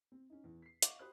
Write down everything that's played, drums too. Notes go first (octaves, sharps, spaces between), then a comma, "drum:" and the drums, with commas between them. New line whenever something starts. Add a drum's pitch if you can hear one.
C4
C#4 D#4
E2
B6 C7
D#5 F5 F#5 C#6 D6, drum: hi-hat
F#4 G4 C5 B5 D#6 F#6